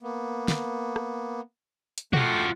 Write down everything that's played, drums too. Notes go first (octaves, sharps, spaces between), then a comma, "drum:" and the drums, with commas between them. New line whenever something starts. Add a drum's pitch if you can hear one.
A#3 B3
drum: snare
drum: rim click
drum: hi-hat
F3 A3 F#4 G5 D6, drum: tom B2